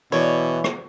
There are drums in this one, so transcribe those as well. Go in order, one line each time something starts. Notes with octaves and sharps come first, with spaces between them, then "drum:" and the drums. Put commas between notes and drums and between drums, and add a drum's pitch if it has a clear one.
B2 E3 E4 C#5 D5
drum: rim click